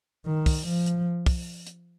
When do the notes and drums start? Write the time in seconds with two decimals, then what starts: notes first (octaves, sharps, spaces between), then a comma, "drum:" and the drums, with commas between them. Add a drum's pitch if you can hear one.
0.26 D#3
0.46 drum: kick, open hi-hat
0.67 F3
0.86 drum: hi-hat
1.26 drum: kick, open hi-hat
1.67 drum: hi-hat